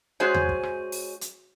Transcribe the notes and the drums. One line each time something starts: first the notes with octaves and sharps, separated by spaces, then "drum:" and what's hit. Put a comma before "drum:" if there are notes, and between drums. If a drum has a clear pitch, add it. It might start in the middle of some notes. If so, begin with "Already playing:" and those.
G#3 C#4 F#4 G#4 C5 C#5
drum: tom E2
drum: kick
drum: rim click
drum: open hi-hat
drum: hi-hat